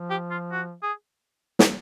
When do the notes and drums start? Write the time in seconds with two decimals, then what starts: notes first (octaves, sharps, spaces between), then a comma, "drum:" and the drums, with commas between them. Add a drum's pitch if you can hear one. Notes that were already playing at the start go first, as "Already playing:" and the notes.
Already playing: F3
0.10 G4
0.31 F4
0.52 F#4
0.83 G#4
1.59 drum: snare